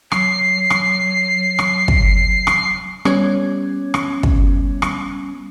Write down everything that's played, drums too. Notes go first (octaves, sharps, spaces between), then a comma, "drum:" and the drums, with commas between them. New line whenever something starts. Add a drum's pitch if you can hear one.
F#3 C7, drum: rim click
drum: rim click
drum: rim click
drum: kick
drum: rim click
G3 B3 C#4, drum: rim click
drum: rim click
drum: kick
drum: rim click